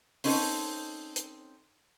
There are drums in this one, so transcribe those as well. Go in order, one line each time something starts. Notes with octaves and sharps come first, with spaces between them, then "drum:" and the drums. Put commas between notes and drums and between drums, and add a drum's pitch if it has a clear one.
C4 C#4 D#4 A4 C5 C#5, drum: open hi-hat
drum: hi-hat